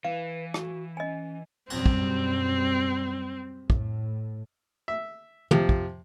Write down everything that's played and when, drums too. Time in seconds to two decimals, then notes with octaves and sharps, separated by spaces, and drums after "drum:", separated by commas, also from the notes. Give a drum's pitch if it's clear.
0.04 E3 B4 F5
0.54 F#4, drum: rim click
0.97 C#4 D#5 G#5
1.70 F#2 B2 G3 C4, drum: cymbal
1.86 drum: kick
3.70 A2, drum: kick
4.88 E5
5.51 C3 F3, drum: tom
5.69 drum: kick